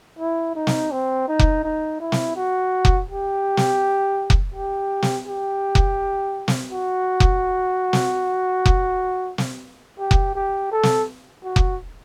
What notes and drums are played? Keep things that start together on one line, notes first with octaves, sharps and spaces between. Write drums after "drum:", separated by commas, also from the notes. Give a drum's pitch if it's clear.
E4
D#4
drum: snare
C4
D#4
drum: kick F1
D#4
E4
drum: snare
F#4
drum: kick F1
G4
drum: snare
drum: kick F1
G4
drum: snare
G4
drum: kick F1
drum: snare
F#4
drum: kick F1
drum: snare
drum: kick F1
drum: snare
G4
drum: kick F1
G4
A4
drum: snare
F#4
drum: kick F1